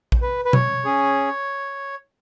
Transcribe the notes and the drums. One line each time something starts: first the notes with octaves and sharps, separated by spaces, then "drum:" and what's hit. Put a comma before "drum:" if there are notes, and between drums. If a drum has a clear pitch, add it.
drum: kick A#1
B4
B4
C#5, drum: tom B2
C#4 G#4